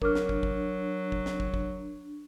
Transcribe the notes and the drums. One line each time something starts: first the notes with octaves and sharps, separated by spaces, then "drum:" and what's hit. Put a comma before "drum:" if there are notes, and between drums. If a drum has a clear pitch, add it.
F#3 D4 A#4 D6 F6, drum: kick
drum: snare
drum: kick
drum: kick
drum: kick
drum: snare
drum: kick
drum: kick